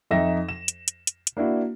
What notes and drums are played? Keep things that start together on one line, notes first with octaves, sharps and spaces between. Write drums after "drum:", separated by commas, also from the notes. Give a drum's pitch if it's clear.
F2 D#4 E5 A#6 E7
E7
drum: hi-hat
drum: hi-hat
drum: hi-hat
drum: hi-hat
A#3 D4 E4 F#4